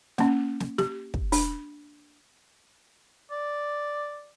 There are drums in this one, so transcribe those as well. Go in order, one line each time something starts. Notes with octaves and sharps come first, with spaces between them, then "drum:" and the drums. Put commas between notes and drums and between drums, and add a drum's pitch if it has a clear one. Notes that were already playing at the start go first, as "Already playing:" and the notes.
A#3 C#4, drum: snare
drum: snare
G4, drum: snare
drum: kick
D4, drum: open hi-hat
D5